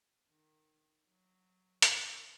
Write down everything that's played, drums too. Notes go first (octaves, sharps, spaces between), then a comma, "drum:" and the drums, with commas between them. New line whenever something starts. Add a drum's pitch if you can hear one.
D#3
F#3
C#3 B4 C5, drum: hi-hat